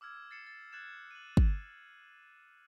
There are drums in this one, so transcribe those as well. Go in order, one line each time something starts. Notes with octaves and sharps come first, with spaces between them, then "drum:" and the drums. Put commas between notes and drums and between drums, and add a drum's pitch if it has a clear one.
D6 E6 F6 G#6
A6 C7 C#7 E7
A6
E6 F#6 G#6 A6 E7
D#7 F#7
drum: kick